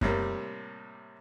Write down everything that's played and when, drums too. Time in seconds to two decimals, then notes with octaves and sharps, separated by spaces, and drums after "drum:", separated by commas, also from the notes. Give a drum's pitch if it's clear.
0.01 A2 C3 G3 A#3, drum: kick F#2